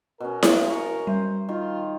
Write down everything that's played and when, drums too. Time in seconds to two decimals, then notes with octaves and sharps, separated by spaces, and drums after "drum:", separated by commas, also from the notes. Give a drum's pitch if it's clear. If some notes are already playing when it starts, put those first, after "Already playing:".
0.20 B2 C#4 A#4
0.43 drum: snare E4
0.70 C#6
1.07 G3 C5
1.49 D#3 F4